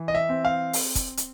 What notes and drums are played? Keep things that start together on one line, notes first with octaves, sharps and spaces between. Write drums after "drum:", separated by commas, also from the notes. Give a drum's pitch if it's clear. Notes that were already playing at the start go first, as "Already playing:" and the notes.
Already playing: E3
D#5
E5
C4
F5
drum: open hi-hat
drum: kick, hi-hat
drum: hi-hat